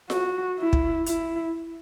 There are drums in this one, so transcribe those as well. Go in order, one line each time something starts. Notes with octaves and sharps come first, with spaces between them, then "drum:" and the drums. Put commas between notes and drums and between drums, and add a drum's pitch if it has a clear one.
F#4, drum: snare F4
E4
drum: kick
E4, drum: hi-hat